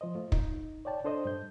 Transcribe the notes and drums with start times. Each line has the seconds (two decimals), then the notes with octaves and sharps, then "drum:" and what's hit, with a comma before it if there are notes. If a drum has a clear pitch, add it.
0.01 F3 C5 D#5
0.15 A3 F4
0.32 D#4, drum: kick
0.85 C#5 D5 G5 A5
1.04 D4 A4 C5 D#5
1.25 G2 G6